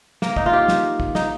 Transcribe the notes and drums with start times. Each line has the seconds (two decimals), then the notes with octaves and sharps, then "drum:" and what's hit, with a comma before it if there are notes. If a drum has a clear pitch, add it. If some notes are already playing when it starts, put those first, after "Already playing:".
0.22 A#3, drum: snare
0.36 D#4, drum: kick
0.46 F4
0.53 G4
0.68 drum: snare
1.00 drum: kick
1.15 D#4, drum: snare